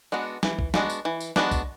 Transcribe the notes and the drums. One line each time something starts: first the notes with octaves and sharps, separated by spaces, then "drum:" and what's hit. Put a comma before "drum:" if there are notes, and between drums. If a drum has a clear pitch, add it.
G#3 B3 D4 F#4
E3, drum: snare
drum: kick
G#3 B3 D4 F#4, drum: snare
drum: tambourine
E3
drum: tambourine
G#3 B3 D4 F#4, drum: snare
drum: kick, tambourine